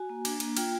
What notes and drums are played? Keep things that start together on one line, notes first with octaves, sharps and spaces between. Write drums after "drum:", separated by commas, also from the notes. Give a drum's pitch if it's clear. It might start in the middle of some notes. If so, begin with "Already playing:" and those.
Already playing: F#4 G#5
A#3
D4, drum: cymbal
A#3, drum: cymbal
F4 G5, drum: cymbal